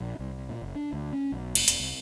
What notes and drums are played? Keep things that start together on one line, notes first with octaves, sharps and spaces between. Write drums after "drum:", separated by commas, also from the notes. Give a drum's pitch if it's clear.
A#1
C2
A#2
F#1
D4
D2
C#4
B1
F1, drum: cymbal
E1, drum: hi-hat
C2